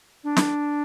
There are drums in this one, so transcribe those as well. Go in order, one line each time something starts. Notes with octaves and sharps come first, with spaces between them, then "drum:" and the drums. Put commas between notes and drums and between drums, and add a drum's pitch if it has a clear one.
D4
drum: snare